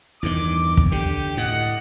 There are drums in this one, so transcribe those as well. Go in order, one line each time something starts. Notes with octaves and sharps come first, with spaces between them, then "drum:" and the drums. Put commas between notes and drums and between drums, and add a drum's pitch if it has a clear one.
E2 G2 D#3 D6
drum: kick
D3 G4
A2 D#5 F#5